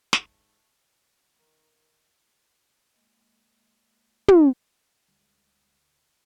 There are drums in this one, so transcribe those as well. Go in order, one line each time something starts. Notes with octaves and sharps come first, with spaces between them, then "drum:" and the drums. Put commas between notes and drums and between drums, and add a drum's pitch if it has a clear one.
G#2 A3, drum: snare
D#3 A#4
G#3 A#3 D#5
drum: tom
D2 G3 G#3